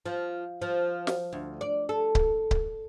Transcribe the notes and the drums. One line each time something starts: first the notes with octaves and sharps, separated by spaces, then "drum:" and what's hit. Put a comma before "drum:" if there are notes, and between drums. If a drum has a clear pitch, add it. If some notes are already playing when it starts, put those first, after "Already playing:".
F3
F3
drum: snare
D2
D5
A4
drum: kick C#1
drum: kick C#1